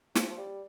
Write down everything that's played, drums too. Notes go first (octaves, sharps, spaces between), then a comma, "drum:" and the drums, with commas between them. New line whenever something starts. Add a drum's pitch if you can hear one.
F3, drum: snare
F3
G3